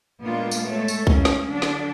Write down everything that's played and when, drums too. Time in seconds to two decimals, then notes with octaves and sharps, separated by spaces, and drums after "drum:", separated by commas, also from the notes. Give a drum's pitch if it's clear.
0.22 A#2 G#3 A#3 B3 D4 F4
0.51 drum: tambourine
0.66 G#3 A3 A4 C#5
0.88 drum: tambourine
1.07 C#3 G#3 A#3 C#4, drum: kick B1
1.25 drum: snare
1.50 D3 F#3 D4
1.62 drum: snare